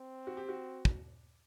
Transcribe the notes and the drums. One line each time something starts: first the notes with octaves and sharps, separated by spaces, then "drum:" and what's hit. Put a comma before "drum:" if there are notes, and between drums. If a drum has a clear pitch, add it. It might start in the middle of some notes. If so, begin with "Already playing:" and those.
Already playing: C4
F#4
G4
F#4
drum: kick